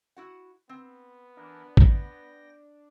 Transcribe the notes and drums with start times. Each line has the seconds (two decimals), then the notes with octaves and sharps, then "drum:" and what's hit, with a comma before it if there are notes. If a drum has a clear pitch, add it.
0.17 E4 F#4 F#5
0.69 B3 C4
1.37 E3 D4 A#4
1.77 G5 A#6, drum: kick